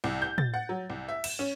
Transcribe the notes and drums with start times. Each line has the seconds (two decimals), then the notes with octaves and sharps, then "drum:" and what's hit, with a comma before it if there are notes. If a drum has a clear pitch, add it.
0.04 C2
0.22 G6
0.38 A6, drum: tom
0.54 F#5
0.69 F#3
0.90 C2
1.09 E5
1.24 E7, drum: cymbal
1.39 C#4